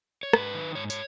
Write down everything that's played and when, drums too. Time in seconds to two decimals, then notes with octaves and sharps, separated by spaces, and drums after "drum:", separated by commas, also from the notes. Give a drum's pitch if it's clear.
0.23 C#5
0.33 G#2 B4, drum: rim click
0.54 D#3
0.75 G#2 C#5
0.90 C#5, drum: tambourine